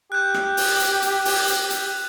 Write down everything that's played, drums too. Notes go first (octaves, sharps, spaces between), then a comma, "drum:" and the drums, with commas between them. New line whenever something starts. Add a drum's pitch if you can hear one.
G4 F#6 G6
drum: rim click
drum: open hi-hat
drum: hi-hat
drum: hi-hat
drum: open hi-hat
drum: hi-hat
drum: hi-hat